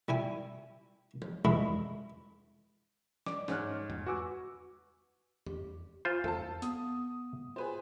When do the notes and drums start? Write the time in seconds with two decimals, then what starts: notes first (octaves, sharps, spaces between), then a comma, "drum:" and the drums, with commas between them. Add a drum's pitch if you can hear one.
0.08 G3 E4 G#5
1.22 drum: tom F3
1.45 G2 G#3 E4 B5, drum: tom E2
3.26 D5 D6, drum: snare
3.48 G#2 C#4 C#5 F6 F#6, drum: snare
3.90 drum: tom E2
4.06 F#4 B4 G#5 D6 E6
5.46 G4, drum: tom E2
6.05 F4 C5 G#5
6.24 A4 F5 A5, drum: tom E2
6.62 B3 D#6, drum: hi-hat
7.56 F4 G#4 B4 C5